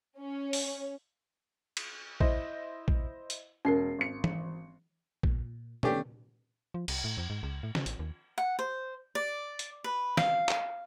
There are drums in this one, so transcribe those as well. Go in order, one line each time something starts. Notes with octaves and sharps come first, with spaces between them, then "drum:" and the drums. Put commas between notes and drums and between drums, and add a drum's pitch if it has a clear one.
C#4
drum: open hi-hat
drum: cymbal
E4 C5 D#5, drum: kick A#1
drum: kick A#1
drum: hi-hat
E1 C#4 A#4 C7
G#1 C#7
drum: tom E3
A#2, drum: kick A#1
D#3 A3 B3 C#4 D4 G4, drum: tom A#2
F3
C2, drum: cymbal
A2
F2
G#2
C#2
A2
C#3, drum: snare
A1, drum: hi-hat
D#2
F#5
C5
D5
drum: hi-hat
B4
F5, drum: snare
drum: clap